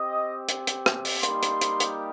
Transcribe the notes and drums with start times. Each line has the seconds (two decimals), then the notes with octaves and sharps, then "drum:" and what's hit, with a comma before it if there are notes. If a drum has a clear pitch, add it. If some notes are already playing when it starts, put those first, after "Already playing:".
Already playing: C4 G4 D#5
0.49 drum: hi-hat
0.67 drum: hi-hat
0.86 drum: rim click
1.05 drum: open hi-hat
1.23 G3 A#3 D#4 G4 C6, drum: hi-hat
1.43 drum: hi-hat
1.61 drum: hi-hat
1.80 drum: hi-hat